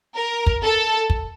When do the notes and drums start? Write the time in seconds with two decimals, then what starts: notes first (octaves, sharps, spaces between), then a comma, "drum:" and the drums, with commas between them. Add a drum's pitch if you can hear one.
0.15 A#4
0.47 drum: kick
0.63 A4
1.10 drum: kick